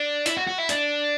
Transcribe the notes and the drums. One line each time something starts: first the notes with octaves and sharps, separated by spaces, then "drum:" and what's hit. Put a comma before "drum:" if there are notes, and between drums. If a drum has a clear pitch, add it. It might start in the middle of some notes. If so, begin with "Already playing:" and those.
Already playing: D4
E4, drum: hi-hat
F#4
F#4
E4
D4, drum: hi-hat